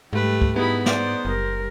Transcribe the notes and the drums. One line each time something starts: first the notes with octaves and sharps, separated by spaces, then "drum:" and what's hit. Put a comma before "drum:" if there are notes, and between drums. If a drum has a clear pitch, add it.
G#2 G3 A3 G4 B4
drum: kick
B3 D#4 E4 G#4 B5
C5 D5, drum: snare
F#1 G3 A#4